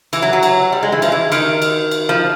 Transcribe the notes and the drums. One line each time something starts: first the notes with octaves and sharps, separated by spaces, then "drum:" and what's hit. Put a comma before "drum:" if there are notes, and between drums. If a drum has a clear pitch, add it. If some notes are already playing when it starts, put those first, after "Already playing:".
E3, drum: cymbal
F#3
F#3
drum: cymbal
G3
G#3
E3
F3, drum: cymbal
E3
D#3, drum: cymbal
drum: cymbal
drum: cymbal
F3